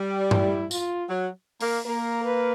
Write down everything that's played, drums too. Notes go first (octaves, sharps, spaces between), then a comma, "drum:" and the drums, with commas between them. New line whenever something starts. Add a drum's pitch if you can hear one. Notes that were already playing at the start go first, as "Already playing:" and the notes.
Already playing: G3
E4, drum: tom G2
F4, drum: tambourine
F#3
A#3, drum: open hi-hat
A#3 A#4
B4